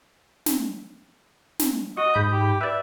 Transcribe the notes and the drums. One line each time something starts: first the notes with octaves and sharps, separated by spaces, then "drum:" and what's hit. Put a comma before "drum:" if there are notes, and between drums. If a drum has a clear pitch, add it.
drum: snare
drum: snare
F#4 D#5
G#2 B5 G6
G4
B4 D5 E5